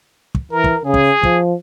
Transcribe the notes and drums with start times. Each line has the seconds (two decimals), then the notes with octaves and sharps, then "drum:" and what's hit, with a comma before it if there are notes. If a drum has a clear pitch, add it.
0.35 drum: kick
0.52 E3 A#4
0.64 drum: kick
0.85 C#3 G#4
0.94 drum: kick
1.23 F3, drum: kick